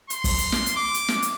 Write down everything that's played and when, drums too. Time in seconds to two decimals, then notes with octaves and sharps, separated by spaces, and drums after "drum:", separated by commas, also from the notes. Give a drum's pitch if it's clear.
0.10 C6, drum: hi-hat
0.24 drum: kick, open hi-hat
0.38 drum: hi-hat
0.52 drum: snare
0.66 drum: hi-hat
0.76 D6
0.94 drum: hi-hat
1.08 drum: snare
1.22 drum: hi-hat